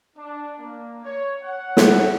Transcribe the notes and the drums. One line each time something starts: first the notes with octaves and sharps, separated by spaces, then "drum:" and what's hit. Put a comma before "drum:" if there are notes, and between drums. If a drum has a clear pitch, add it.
D4
A#3
C#5
F#5
drum: snare